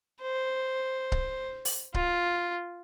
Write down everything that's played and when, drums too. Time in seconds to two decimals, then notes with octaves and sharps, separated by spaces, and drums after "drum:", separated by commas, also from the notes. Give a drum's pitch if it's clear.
0.22 C5
1.12 drum: kick C#1
1.65 drum: open hi-hat
1.94 F4, drum: kick C#1